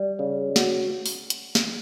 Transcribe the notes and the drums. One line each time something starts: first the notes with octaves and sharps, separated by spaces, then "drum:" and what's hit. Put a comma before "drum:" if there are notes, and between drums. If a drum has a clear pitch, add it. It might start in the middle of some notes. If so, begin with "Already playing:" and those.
Already playing: G3
C#3
F#4, drum: snare
drum: open hi-hat
drum: hi-hat
drum: snare